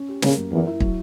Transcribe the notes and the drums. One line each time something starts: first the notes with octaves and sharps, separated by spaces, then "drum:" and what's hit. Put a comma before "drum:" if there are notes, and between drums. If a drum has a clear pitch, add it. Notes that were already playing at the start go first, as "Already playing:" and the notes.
Already playing: C#4
G4
C#3 A#3, drum: snare
F#2
E2 A#4
E4
F#3, drum: kick